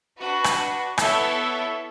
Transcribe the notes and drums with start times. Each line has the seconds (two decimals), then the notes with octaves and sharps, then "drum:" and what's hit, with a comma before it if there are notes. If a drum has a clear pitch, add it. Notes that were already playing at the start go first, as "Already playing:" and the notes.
0.18 D4 F#4 B4
0.44 drum: rim click
0.98 B3 E4 A4 C#5 E5, drum: rim click